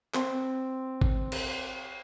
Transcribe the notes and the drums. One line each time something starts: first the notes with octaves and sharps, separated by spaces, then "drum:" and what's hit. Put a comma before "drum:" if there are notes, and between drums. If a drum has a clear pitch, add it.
C4, drum: clap
drum: kick G1
drum: cymbal